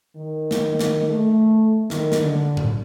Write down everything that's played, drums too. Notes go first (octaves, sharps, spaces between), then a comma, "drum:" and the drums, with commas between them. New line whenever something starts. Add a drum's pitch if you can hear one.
D#3
drum: snare
drum: snare
A3
D#3, drum: snare
drum: snare
D3
drum: tom A2